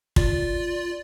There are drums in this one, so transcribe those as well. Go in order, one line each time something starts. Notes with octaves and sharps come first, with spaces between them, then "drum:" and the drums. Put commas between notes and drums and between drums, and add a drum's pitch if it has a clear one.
F4 D5, drum: kick